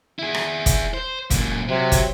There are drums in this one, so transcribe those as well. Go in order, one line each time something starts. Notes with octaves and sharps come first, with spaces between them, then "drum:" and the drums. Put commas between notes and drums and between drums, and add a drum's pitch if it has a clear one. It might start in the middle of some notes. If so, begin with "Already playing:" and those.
E4 G#4
drum: rim click
drum: kick, hi-hat
C5
F#2 A#2, drum: kick, hi-hat
C3 F#3
drum: kick, hi-hat